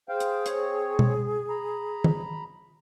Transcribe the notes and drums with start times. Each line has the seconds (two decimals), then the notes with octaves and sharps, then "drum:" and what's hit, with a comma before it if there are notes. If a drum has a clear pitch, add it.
0.09 G#4 C5 F5 G5
0.20 drum: hi-hat
0.46 C4 C#5, drum: hi-hat
0.99 drum: tom B2
1.50 A#5 B5
2.04 drum: tom D#3